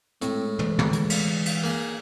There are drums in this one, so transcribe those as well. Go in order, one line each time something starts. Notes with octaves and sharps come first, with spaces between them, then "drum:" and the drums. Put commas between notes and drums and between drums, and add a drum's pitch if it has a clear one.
A2 G#3 C4, drum: hi-hat
E3, drum: tom
drum: tom
drum: hi-hat
drum: cymbal
drum: cymbal
A#3 G#4